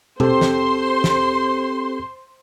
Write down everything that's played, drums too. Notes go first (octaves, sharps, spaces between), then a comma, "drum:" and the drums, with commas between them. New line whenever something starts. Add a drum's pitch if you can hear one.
C4 G4 A4 C5 C6, drum: tom B2
drum: snare
drum: snare